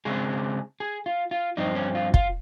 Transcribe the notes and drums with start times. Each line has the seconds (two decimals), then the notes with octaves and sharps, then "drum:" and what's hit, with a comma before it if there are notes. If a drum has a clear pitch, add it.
0.05 C#3 G#3 C4 G#4
0.80 G#4
1.06 F4
1.31 F4
1.57 G2 F3 C4 D#4
1.75 C#4
1.95 F4
2.14 F4, drum: kick